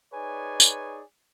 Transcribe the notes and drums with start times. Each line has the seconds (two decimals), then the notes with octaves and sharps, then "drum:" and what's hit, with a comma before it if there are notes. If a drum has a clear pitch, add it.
0.14 D#4 G#4 B4 C#5 D5 G#5
0.60 drum: tambourine